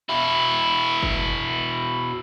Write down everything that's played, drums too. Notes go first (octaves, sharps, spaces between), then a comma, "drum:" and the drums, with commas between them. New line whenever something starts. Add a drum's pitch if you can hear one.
B2 E4
drum: kick